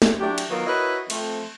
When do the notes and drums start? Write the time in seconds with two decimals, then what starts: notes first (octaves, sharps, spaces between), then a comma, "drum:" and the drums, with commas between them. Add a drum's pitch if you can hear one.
0.02 drum: snare
0.20 F#3 D4 E4 G4
0.38 drum: cymbal
0.51 D#3 F#3 B3 F4 A#4
0.67 E4 F#4 A#4 B4 C#5 D#5
1.10 F3 A3 C4, drum: cymbal